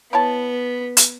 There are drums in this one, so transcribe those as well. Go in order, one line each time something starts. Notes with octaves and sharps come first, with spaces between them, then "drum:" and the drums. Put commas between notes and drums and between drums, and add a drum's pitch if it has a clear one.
B3 E4 C#5 A5
drum: hi-hat